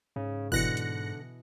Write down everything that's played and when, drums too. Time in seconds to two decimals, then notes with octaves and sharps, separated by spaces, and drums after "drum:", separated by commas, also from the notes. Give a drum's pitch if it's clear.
0.16 G#2 C#3
0.52 B2 D3 E3 F#6 A#6 C#7, drum: kick
0.77 drum: hi-hat